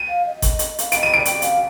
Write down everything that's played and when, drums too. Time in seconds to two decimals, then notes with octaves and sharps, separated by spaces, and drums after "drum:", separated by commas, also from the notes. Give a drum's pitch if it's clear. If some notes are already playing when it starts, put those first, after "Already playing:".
Already playing: D#7
0.09 F5
0.26 D#5
0.42 drum: kick G1, hi-hat
0.59 drum: hi-hat
0.79 F5, drum: hi-hat
0.92 D#5 F5 D7, drum: hi-hat
1.03 D#7
1.14 D5 D7
1.25 drum: hi-hat
1.42 F5, drum: hi-hat